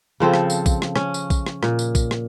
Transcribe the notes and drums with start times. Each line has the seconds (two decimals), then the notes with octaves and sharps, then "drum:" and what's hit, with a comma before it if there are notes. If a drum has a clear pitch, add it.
0.20 C#3 F3 C4 A4
0.34 drum: rim click
0.50 drum: tambourine
0.66 drum: kick, tambourine
0.82 drum: rim click
0.96 C#4, drum: rim click
1.14 drum: tambourine
1.30 drum: kick, tambourine
1.46 drum: rim click
1.63 A#2, drum: rim click
1.79 drum: tambourine
1.95 drum: kick, tambourine
2.11 drum: rim click